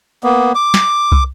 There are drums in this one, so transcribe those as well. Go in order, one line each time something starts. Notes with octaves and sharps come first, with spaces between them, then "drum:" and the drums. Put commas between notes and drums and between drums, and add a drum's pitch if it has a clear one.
A#3 B3
D6
drum: snare
drum: kick